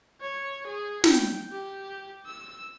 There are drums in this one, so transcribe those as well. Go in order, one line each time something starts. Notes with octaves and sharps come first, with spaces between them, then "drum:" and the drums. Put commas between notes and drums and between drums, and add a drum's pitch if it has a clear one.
C#5
G#4
G5, drum: snare
drum: hi-hat
G4
E6